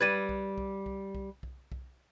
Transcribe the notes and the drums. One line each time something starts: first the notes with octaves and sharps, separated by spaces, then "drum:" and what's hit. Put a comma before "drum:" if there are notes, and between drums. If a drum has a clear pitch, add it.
G3 B4 G#6 A6 D#7
drum: kick B1
drum: kick B1
drum: kick B1
drum: kick B1
drum: kick B1
drum: kick B1